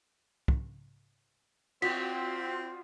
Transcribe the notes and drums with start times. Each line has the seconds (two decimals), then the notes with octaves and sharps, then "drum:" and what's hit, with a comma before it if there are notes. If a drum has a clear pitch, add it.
0.48 drum: kick
1.82 C4 F4 F#4 B6, drum: cymbal